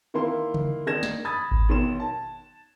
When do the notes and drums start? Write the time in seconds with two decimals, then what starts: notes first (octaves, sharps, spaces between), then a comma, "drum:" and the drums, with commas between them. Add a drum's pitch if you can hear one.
0.14 D#3 A#3 E4 C6
0.54 drum: tom C#3
0.87 D#3 D4 D#4 G#6 A#6 E7
1.03 drum: snare
1.25 B5 D#6 G#6 A6
1.51 drum: kick G#1
1.69 B1 D#3 C6 E7
2.00 A5